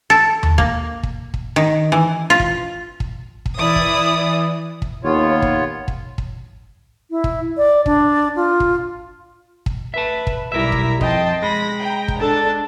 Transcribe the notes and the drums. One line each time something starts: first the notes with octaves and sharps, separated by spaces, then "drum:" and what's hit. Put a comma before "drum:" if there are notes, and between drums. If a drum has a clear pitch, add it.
A4
drum: tom D#2
A#3, drum: kick
drum: kick
drum: kick
D#3
E3
F4
drum: kick
drum: kick
drum: kick
E3 E4 D5 D#6
drum: kick
drum: kick
D#2 B3 F4 C#5
drum: kick
drum: kick
drum: kick
E4
drum: kick
D5
D4, drum: kick
F4
drum: kick
drum: kick
B4 E5 A5
drum: kick
B1 G3 E4 A#4 E5 A#5 B6
drum: kick
F2 D#5 G5 A5 C6, drum: kick
G#3 B5 A#6
G5 A#5
drum: kick
D4 A4 A5